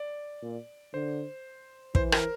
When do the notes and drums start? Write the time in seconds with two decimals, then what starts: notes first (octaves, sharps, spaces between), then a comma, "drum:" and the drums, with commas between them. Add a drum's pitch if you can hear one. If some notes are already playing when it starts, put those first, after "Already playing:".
Already playing: D5
0.42 A#2
0.94 D3 C5
1.95 E3 C5, drum: kick
2.12 A#4, drum: rim click